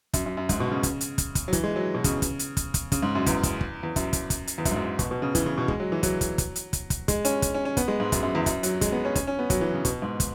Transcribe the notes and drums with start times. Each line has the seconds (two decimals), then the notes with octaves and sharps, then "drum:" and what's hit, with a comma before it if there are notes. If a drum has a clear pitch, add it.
0.14 F#2, drum: kick, hi-hat
0.26 F#2
0.37 F#2
0.49 G#2, drum: kick, hi-hat
0.60 B2
0.71 C#3
0.83 drum: kick, hi-hat
1.01 drum: hi-hat
1.18 drum: kick, hi-hat
1.35 drum: kick, hi-hat
1.48 F#3
1.53 E3, drum: kick, hi-hat
1.64 G#3
1.76 F#3
1.95 B2
2.04 C#3, drum: kick, hi-hat
2.22 drum: kick, hi-hat
2.39 drum: hi-hat
2.57 drum: kick, hi-hat
2.74 drum: kick, hi-hat
2.92 C#3, drum: kick, hi-hat
3.03 G#2
3.15 F#2
3.26 E2, drum: kick, hi-hat
3.43 drum: kick, hi-hat
3.61 drum: kick
3.83 E2
3.96 F#2, drum: kick, hi-hat
4.13 drum: kick, hi-hat
4.30 drum: kick, hi-hat
4.47 drum: hi-hat
4.58 E2
4.65 F#2, drum: kick, hi-hat
4.71 G#2
4.76 F#2
4.99 B2, drum: kick, hi-hat
5.11 B2
5.22 C#3
5.35 E3, drum: kick, hi-hat
5.46 C#3
5.58 B2
5.68 G#3, drum: kick
5.80 F#3
5.92 E3
6.03 F#3, drum: kick, hi-hat
6.21 drum: kick, hi-hat
6.38 drum: kick, hi-hat
6.56 drum: hi-hat
6.73 drum: kick, hi-hat
6.90 drum: kick, hi-hat
7.08 G#3, drum: kick, hi-hat
7.25 C#4, drum: hi-hat
7.42 drum: kick, hi-hat
7.54 C#4
7.65 C#4
7.77 B3, drum: kick, hi-hat
7.88 G#3
8.00 G#2
8.12 F#2, drum: kick, hi-hat
8.23 F#2
8.35 E2
8.46 F#2, drum: kick, hi-hat
8.63 F#3, drum: hi-hat
8.81 G#3, drum: kick, hi-hat
8.92 B3
9.05 C#4
9.15 C#4, drum: kick, hi-hat
9.27 C#4
9.39 B3
9.50 F#3, drum: kick, hi-hat
9.61 E3
9.74 C#3
9.85 B2, drum: kick, hi-hat
10.02 G#2
10.20 drum: kick, hi-hat